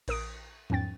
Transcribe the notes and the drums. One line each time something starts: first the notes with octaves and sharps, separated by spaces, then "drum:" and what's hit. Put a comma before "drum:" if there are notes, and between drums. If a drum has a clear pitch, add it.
A#1 A#4 D#6 D7, drum: cymbal
E2 G#2 C#4 G5 A6, drum: tom F3